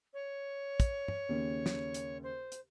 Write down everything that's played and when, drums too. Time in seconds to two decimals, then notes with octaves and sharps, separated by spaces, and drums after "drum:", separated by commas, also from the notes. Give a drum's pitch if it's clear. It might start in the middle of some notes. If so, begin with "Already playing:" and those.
0.14 C#5
0.80 drum: kick, hi-hat
1.08 drum: tom
1.29 D#2 C#3
1.66 drum: snare
1.94 drum: hi-hat
2.23 C5
2.52 drum: hi-hat